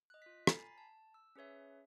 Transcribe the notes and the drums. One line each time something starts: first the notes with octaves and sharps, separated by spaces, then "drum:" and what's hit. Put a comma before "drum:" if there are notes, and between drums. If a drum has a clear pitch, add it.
D#5 F#6
F4 B6
G#5 A#5 B5 A6 B6 C7, drum: rim click
A5
E6
C#4 G#4 B4 C#5 E5